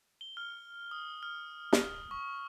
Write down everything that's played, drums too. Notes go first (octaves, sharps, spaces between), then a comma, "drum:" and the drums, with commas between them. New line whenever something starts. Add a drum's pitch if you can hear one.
G7
F6
D#6
F6
drum: snare
C#6